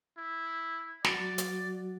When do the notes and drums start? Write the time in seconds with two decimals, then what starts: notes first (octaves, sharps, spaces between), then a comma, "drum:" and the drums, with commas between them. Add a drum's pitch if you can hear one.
0.17 E4
1.04 F#3 F#4 D5, drum: snare
1.38 drum: hi-hat